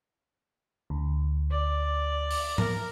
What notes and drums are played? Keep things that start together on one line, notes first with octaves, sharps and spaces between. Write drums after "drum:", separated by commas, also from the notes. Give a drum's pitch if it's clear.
D2
D5
drum: open hi-hat
A#4, drum: tom G#2